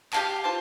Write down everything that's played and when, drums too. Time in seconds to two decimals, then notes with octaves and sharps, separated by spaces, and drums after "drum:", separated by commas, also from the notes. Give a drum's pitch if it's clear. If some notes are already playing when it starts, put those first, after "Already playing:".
0.13 G4 F5 A5, drum: clap
0.44 F4 C5 A5